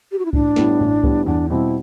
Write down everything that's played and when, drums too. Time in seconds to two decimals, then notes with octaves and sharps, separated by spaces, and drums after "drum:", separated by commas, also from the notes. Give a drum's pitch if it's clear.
0.12 G4
0.19 F#4
0.25 E4
0.33 A1 D4, drum: kick C2
0.56 A2 G3 B3, drum: snare
0.80 A1
1.03 A2 G3 B3, drum: kick C2
1.26 E2 D4
1.50 B2 G3 C4 E4 G4